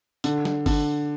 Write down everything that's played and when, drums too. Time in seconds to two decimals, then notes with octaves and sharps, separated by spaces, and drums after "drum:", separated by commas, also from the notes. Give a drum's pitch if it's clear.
0.24 D3, drum: hi-hat
0.45 drum: snare
0.66 D3, drum: kick G1, open hi-hat